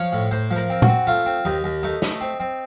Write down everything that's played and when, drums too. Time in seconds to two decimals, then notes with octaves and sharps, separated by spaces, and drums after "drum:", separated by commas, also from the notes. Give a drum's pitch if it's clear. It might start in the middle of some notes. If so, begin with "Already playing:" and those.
Already playing: F3 C#5
0.13 A2
0.31 A2 C5
0.51 F3
0.56 A#4
0.70 C4
0.82 F#4, drum: tom A#2
0.88 C4
1.07 A3 F4
1.26 C4
1.45 D#2 D#4
1.64 D#2
1.83 A3 D#4
2.02 A3, drum: snare
2.21 C4
2.40 C4